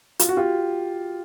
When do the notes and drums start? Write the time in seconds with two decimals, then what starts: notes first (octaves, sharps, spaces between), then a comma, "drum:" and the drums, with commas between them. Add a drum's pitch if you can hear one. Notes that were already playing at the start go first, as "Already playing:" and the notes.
0.19 F4, drum: hi-hat
0.29 F#4
0.37 F4 G4